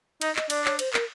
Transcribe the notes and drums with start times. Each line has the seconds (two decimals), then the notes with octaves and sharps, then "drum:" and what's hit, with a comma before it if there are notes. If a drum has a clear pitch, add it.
0.21 D#4 D#5, drum: cymbal
0.36 D#5, drum: clap
0.50 D4 D5, drum: cymbal
0.65 C#5, drum: clap
0.79 C5, drum: cymbal
0.93 A#4, drum: clap